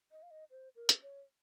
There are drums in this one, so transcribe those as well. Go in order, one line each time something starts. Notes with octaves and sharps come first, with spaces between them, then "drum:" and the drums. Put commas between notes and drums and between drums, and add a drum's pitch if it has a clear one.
D#5
F5
D#5
C5
A#4
drum: hi-hat
C#5